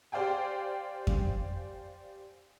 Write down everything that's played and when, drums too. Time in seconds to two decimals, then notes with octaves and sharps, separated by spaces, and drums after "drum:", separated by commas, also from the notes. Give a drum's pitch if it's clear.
0.12 G4 C5 D5 F5 G5 G#5
1.07 drum: kick F2